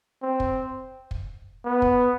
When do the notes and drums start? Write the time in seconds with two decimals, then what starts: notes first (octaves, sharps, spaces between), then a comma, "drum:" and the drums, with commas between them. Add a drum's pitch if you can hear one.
0.22 C4
0.40 drum: kick
1.11 drum: kick
1.65 B3
1.82 drum: kick